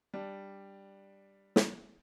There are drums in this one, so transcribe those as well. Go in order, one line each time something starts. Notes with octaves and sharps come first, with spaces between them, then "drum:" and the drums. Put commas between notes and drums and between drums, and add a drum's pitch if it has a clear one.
G3 D4
drum: snare